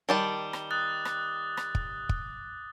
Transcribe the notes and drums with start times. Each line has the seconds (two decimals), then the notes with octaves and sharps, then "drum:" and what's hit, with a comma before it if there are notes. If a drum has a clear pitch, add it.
0.09 D#3 G3 A5 D6 G7
0.53 drum: rim click
0.71 D#6 F#6 A6
1.05 drum: rim click
1.57 drum: rim click
1.75 drum: kick
2.09 drum: kick